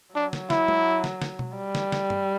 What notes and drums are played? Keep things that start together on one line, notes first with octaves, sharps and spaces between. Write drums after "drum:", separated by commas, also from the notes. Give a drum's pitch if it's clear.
F#3 D4
drum: snare
E4, drum: snare
drum: tom
drum: snare
drum: snare
drum: tom B2
G3
drum: snare
drum: snare
drum: tom G2